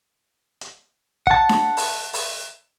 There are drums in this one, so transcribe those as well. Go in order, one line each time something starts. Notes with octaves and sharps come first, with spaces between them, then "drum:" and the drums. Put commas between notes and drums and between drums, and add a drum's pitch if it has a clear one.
drum: hi-hat
F#5 A5, drum: kick
drum: snare D4
drum: open hi-hat
drum: open hi-hat